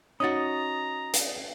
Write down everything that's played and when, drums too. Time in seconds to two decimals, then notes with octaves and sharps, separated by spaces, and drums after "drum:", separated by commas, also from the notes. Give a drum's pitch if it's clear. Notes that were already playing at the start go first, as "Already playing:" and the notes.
0.20 C#4 D#4 F#4 A#5 D#6 A6
1.14 drum: hi-hat